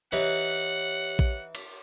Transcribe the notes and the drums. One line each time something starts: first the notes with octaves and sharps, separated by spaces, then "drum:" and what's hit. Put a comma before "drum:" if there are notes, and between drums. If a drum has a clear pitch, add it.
E3 D#4 G4 B4 C#5 F#5 B6
drum: kick A#1
drum: cymbal